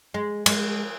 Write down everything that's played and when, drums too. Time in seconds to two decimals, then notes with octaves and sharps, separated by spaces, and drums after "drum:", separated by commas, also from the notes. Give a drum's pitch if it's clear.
0.14 G#3
0.46 G#3, drum: cymbal